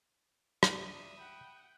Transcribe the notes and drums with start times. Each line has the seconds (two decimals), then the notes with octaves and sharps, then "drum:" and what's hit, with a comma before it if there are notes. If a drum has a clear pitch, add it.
0.63 C#2 G2 D3 D4 E5 D#6, drum: rim click
1.17 F#5 G5 B5